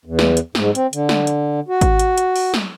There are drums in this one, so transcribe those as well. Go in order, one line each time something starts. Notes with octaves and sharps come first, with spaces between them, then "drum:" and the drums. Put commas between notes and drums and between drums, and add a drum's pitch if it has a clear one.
E2
drum: snare
drum: hi-hat
G#2, drum: snare
C4, drum: hi-hat
D3, drum: hi-hat
drum: snare
drum: hi-hat
F#4
drum: kick G#1, hi-hat
drum: hi-hat
drum: hi-hat
drum: open hi-hat
drum: snare